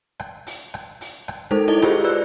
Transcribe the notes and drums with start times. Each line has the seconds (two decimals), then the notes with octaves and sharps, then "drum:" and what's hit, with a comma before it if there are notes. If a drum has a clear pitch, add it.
0.19 drum: rim click
0.47 drum: open hi-hat
0.74 drum: rim click
1.01 drum: open hi-hat
1.28 drum: rim click
1.51 G#3 D#4 A4 A#4 C5
1.68 D#4 E4 A4 D#5 G7
1.82 F4 G4 G#4 C5, drum: rim click
2.04 B4 D5 E6 F#6